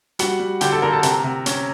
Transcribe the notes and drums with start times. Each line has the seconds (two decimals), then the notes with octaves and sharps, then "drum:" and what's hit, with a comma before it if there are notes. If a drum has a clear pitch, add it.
0.19 G3 F#4 F#5, drum: hi-hat
0.40 G3
0.61 D3 G4 G5, drum: hi-hat
0.72 A4 A5
0.82 D3 A#4 A#5
0.93 A4 A5
1.03 C3 A#4 A#5, drum: hi-hat
1.24 C3
1.46 C#4, drum: hi-hat